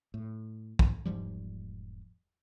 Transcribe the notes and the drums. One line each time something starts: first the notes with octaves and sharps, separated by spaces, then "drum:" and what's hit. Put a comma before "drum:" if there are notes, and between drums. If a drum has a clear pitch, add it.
A2
drum: kick
E1 G#2 F3 G3